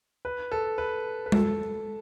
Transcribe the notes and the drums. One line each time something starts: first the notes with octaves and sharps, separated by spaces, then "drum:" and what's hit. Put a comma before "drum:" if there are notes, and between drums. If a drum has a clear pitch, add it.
B4
A4
B4
B4
A4, drum: tom G#3